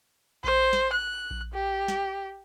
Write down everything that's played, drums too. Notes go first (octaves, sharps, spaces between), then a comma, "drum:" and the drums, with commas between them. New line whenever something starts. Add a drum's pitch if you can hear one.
C5, drum: kick A#1
drum: snare
F#6
drum: kick A#1
G4
drum: snare